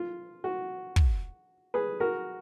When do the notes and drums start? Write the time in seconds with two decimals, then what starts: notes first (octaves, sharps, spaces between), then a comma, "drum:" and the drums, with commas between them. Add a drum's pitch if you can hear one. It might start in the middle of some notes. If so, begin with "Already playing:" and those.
Already playing: F4
0.44 F#4
0.96 drum: kick
1.74 G#4 B4
2.00 F#4 A#4